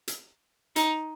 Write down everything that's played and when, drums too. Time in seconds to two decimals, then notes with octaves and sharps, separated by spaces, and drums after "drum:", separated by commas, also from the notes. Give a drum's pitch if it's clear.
0.08 drum: hi-hat
0.76 D#4, drum: hi-hat